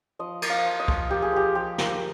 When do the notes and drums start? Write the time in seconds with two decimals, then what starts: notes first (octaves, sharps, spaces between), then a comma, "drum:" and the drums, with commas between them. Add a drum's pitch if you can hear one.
0.19 F3 D#5
0.42 A#3, drum: cymbal
0.50 F5
0.65 F3
0.80 D#5
0.88 F3, drum: kick
1.10 A#3 G4
1.22 G#4
1.32 F3 G4
1.55 F3 G4
1.78 A#3, drum: snare